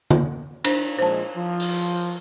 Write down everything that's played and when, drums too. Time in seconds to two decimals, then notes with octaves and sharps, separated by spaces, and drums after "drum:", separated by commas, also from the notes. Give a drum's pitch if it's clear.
0.10 drum: tom D3
0.64 D4 C5, drum: cymbal
0.99 A#2 F3 G#3 C5 A5
1.36 F3
1.60 drum: open hi-hat